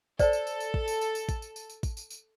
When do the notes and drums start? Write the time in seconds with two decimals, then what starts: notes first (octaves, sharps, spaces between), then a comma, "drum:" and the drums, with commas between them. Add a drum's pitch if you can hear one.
0.19 A4 C5 D5, drum: kick A1, tambourine
0.33 drum: tambourine
0.47 drum: tambourine
0.60 drum: tambourine
0.74 drum: kick A1
0.88 drum: tambourine
1.01 drum: tambourine
1.15 drum: tambourine
1.29 drum: kick A1, tambourine
1.42 drum: tambourine
1.56 drum: tambourine
1.70 drum: tambourine
1.83 drum: kick A1, tambourine
1.97 drum: tambourine
2.10 drum: tambourine